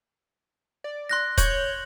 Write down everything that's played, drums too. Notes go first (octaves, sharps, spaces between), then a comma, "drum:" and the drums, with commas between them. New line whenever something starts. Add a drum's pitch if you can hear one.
D5
C6 F#6 A#6
C#5 G6 F#7, drum: kick D#1, hi-hat